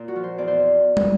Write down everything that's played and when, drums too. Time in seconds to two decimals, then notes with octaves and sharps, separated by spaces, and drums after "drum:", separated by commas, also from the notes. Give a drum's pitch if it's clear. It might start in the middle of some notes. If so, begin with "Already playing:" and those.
Already playing: A#2
0.08 F#4
0.16 F3
0.24 C5
0.38 E2 D5
0.48 C5
0.97 drum: tom